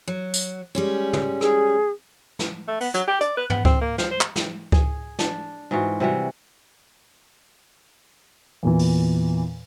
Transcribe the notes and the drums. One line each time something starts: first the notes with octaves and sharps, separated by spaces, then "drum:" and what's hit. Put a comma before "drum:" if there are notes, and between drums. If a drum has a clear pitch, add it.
F#3
drum: tambourine
G3 G#3 C#4
drum: tom
G#4, drum: rim click
drum: snare
A3
B3, drum: open hi-hat
F#3, drum: hi-hat
G4
D5, drum: hi-hat
B4
B3, drum: tom
C4, drum: kick C#2
A#3
F3, drum: snare
C5
drum: clap
drum: snare
G#4, drum: kick C#2
D4, drum: snare
G#2 E3 F4 F#4
C3 E3 G3 F#4
E2 A#2 E3
drum: open hi-hat